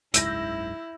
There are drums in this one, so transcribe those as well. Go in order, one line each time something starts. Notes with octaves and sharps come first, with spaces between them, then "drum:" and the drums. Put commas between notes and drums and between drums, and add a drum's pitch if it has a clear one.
F#1 C#2 G#2 E4 E6 G6 A#6, drum: hi-hat